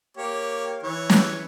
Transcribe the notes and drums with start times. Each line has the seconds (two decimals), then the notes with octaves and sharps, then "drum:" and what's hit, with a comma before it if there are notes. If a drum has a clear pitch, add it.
0.17 A#3 G4 C#5
0.83 E3 C#5
1.10 drum: snare